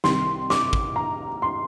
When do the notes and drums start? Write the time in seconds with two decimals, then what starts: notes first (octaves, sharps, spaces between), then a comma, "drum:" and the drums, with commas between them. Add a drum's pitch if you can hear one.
0.04 C2 C3 D#3 C6, drum: snare
0.50 D6, drum: snare
0.73 drum: kick
0.96 A#5
1.42 C6